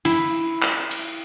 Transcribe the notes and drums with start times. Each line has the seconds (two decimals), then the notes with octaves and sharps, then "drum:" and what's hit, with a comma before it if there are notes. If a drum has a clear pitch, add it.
0.05 E4, drum: cymbal
0.62 drum: clap
0.91 drum: cymbal